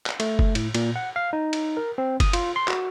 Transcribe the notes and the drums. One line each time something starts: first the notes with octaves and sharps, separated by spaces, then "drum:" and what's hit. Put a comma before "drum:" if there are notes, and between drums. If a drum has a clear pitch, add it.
drum: clap
A3, drum: cymbal
drum: kick F#1
A2, drum: cymbal
A#2, drum: cymbal
F#5
F5
D#4
drum: cymbal
A#4
C4
D#6, drum: kick F#1, cymbal
F4, drum: cymbal
C6
F#4, drum: clap